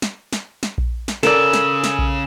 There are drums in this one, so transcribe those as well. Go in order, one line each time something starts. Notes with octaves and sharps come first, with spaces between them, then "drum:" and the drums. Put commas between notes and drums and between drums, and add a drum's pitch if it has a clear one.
drum: snare
drum: snare
drum: snare
drum: kick A#1
drum: snare
C#3 A4 A#4 D5 E6 E7, drum: snare
drum: snare
drum: snare
drum: kick A#1